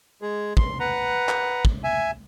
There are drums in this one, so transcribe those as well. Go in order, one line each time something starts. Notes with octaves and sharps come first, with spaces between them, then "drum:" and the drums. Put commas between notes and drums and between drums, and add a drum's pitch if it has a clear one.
G#3 G#4
C6, drum: kick
B4 F#5 A#5
drum: clap
drum: kick
E5 G#5